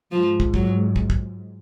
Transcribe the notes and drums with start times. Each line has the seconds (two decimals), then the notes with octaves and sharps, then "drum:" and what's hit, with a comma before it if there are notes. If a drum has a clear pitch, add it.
0.12 G#2 F3
0.40 drum: kick
0.54 F#3, drum: kick
0.96 drum: kick
1.10 drum: kick